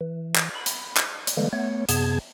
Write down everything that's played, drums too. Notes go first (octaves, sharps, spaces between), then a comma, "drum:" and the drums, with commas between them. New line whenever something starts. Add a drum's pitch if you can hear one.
E3
drum: clap
B5
drum: hi-hat
drum: clap
drum: hi-hat
D3 E3 G3 G#3 A#3
A3 B3 C#5
F#2 C3 B3 G#4 A5 G#6, drum: hi-hat